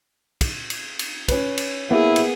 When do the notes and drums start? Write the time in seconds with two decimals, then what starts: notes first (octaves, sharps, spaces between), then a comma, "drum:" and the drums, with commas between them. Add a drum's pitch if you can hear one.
0.41 drum: kick, cymbal
0.70 drum: cymbal
0.99 drum: cymbal
1.28 C#4 B4, drum: kick, cymbal
1.58 drum: cymbal
1.91 A#3 B3 E4 G#4
2.16 drum: cymbal